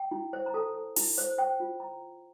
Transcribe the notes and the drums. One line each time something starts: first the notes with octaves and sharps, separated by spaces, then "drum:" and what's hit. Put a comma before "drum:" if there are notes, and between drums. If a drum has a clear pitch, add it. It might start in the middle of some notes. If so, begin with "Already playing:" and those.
Already playing: G5
E4
C5
A#5
A4 A5
A4
E4 A5, drum: open hi-hat
C5
C5 G5
F4
A#5